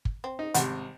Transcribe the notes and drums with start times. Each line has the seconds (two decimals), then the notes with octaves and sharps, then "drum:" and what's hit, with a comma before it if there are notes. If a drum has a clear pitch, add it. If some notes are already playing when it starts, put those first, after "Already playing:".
0.05 drum: kick
0.24 C4
0.39 D#4
0.54 G#1 C3 G3 F#5, drum: hi-hat